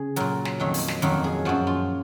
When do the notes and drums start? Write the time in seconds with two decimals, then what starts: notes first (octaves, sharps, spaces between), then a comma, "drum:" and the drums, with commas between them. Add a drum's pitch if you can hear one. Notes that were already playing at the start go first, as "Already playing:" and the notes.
Already playing: C#3 G#4
0.16 A#2 F#3 A#4, drum: hi-hat
0.45 drum: snare
0.60 F2 D#3 F#3
0.74 drum: open hi-hat
0.88 drum: snare
1.02 F2 D#3 F#3 A#4, drum: hi-hat
1.24 G#4
1.45 F#2 F3 F#4
1.67 F4